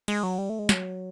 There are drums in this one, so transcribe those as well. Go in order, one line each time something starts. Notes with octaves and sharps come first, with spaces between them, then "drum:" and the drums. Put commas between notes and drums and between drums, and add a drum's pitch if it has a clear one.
G#3, drum: cymbal
F#3
G3
A3
G#3
F#3, drum: snare